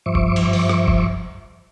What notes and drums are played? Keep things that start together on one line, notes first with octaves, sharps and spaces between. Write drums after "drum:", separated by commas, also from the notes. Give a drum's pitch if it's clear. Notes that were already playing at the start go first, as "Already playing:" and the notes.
G2 F3 C5 E5 C#6 D6
drum: kick
drum: cymbal
drum: open hi-hat
drum: rim click
drum: kick